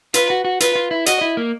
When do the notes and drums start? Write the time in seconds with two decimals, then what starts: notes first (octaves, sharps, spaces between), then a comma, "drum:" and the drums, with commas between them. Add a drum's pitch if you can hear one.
0.14 F4 B4, drum: hi-hat
0.30 F#4
0.45 F#4
0.60 F4 B4, drum: hi-hat
0.75 F4
0.91 E4
1.06 F#4 D#5, drum: hi-hat
1.21 E4
1.37 A#3